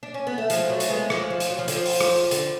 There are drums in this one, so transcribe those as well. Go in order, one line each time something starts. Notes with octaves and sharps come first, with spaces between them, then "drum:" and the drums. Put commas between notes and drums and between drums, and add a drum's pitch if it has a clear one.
D4
C#4
B3
A3
F3 G#3, drum: hi-hat
F#3 A3
drum: hi-hat
G#3 B3
F3 G#3, drum: rim click
F3
drum: hi-hat
F#3
F3
D3, drum: hi-hat
F3
drum: open hi-hat
drum: rim click
D3, drum: hi-hat